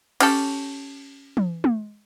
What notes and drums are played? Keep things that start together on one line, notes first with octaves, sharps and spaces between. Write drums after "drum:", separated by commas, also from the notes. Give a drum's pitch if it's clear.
C#4 G4 A4, drum: cymbal
drum: tom
drum: tom